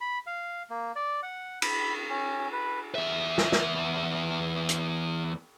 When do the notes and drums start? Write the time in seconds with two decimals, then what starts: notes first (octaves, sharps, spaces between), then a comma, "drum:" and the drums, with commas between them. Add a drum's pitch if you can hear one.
0.01 B5
0.27 F5
0.70 A#3
0.96 D5
1.23 F#5
1.62 B5, drum: cymbal
2.10 C#4
2.52 B4
2.95 E2 E5
3.38 drum: snare
3.52 drum: snare
4.69 drum: hi-hat